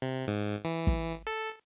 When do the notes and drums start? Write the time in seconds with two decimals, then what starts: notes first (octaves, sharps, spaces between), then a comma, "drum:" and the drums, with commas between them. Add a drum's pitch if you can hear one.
0.02 C3
0.28 G#2
0.65 E3
0.87 drum: kick
1.27 A4